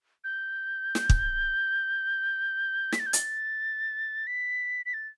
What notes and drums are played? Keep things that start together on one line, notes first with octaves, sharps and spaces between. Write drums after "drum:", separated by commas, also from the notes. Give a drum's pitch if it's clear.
G6
drum: snare
drum: kick
B6, drum: snare
A6
G6
A6, drum: hi-hat
B6
B6
A6